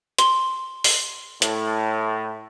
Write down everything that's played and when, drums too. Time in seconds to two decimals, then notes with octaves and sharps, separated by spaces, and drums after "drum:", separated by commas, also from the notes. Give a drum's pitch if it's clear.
0.19 C6 G7, drum: hi-hat
0.84 drum: open hi-hat
1.42 A2, drum: hi-hat